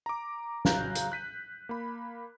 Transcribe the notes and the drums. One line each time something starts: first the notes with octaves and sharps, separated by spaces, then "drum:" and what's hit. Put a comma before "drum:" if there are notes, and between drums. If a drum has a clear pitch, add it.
A#5 D6
C#3 F#3 F5 A#5 F#6 G6, drum: snare
drum: hi-hat
F#6 B6 D#7
A#3 B5